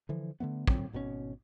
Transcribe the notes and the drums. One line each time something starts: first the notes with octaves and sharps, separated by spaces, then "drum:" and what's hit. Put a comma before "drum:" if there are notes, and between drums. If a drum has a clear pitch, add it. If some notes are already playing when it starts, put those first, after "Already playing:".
D3 E3 F3
D3 E3 A3 B3
A#2 D3 F#3 C4, drum: kick
G#1 B2 D3 C#4